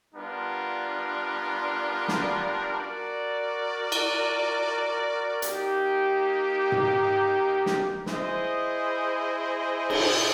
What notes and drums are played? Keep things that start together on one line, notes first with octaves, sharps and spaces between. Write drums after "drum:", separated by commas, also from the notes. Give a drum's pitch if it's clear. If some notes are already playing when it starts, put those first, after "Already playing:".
G3 B3 D4 F4 A#4
drum: snare
F#4 A#4 D5
drum: cymbal
A#3 D#4 G4, drum: hi-hat
drum: tom G#2
drum: snare
E4 G#4 C5 D#5, drum: snare
drum: cymbal